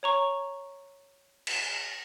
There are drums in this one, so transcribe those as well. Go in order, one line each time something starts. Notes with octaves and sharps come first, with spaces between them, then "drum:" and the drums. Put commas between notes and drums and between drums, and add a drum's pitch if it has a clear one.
C#5 A#5 C#6
drum: cymbal